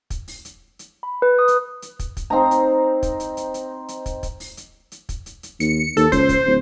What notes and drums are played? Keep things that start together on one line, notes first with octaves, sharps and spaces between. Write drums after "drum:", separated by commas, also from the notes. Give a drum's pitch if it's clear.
drum: kick, hi-hat
drum: open hi-hat
drum: hi-hat
drum: hi-hat
B5
B4
D#6
drum: hi-hat
drum: hi-hat
drum: kick, hi-hat
drum: kick, hi-hat
C4 D#4 A#5
drum: hi-hat
drum: kick, hi-hat
drum: hi-hat
drum: hi-hat
drum: hi-hat
drum: hi-hat
drum: kick, hi-hat
drum: kick, hi-hat
drum: open hi-hat
drum: hi-hat
drum: hi-hat
drum: kick, hi-hat
drum: hi-hat
drum: hi-hat
D#2 C#7, drum: hi-hat
D#2 A4, drum: hi-hat
C#2 C5, drum: kick, hi-hat
drum: kick, hi-hat
D1